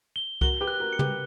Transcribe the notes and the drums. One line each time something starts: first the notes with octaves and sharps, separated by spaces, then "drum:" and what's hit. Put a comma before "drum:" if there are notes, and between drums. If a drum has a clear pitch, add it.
G7
F#4 A#4 G7, drum: kick C2
G4 B4
F#6
F#4 A#4
C#7
G4 B4, drum: tom